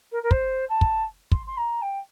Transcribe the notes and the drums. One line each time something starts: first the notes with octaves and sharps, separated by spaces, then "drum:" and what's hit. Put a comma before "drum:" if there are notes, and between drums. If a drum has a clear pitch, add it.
A#4
A#4
C5, drum: kick
A5
drum: kick
C6, drum: kick
C6
A#5
G5